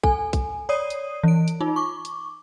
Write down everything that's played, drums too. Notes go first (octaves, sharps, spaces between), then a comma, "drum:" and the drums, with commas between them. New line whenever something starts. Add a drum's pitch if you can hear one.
A4 G#5, drum: kick
drum: kick, hi-hat
C#5 D5 D#6 C7 D#7
drum: hi-hat
E3 D7
drum: hi-hat
D#4 F4
C#6 D6
drum: hi-hat